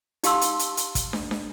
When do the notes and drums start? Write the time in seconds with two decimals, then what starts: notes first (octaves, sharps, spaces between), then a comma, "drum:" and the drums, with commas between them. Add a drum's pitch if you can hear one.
0.23 D#4 G4 F5 A5 C6 E6, drum: hi-hat
0.41 drum: hi-hat
0.59 drum: hi-hat
0.77 drum: hi-hat
0.95 drum: kick, hi-hat
1.13 drum: snare
1.31 drum: snare